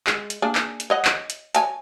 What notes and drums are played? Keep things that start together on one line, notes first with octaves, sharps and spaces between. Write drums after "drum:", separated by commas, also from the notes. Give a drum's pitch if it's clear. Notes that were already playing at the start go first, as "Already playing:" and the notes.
G#3, drum: clap
drum: hi-hat
A#3 D4 G#4
drum: clap
drum: hi-hat
C#5 D#5 F#5
drum: clap
drum: hi-hat
C#5 G#5 A5, drum: hi-hat